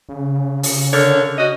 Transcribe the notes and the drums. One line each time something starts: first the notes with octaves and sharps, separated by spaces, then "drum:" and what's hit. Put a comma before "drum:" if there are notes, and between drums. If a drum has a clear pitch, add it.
C#3
drum: open hi-hat
D3 A#4 C#5
F#4 D#5